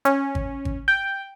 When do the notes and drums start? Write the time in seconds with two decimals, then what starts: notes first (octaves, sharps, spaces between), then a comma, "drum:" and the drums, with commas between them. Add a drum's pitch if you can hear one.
0.05 C#4, drum: hi-hat
0.35 drum: kick G#1
0.65 drum: kick G#1
0.88 G5